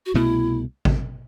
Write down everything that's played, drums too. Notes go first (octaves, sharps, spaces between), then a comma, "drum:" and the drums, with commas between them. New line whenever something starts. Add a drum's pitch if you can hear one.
F#4
C2 B2 A3 E4
drum: kick G#1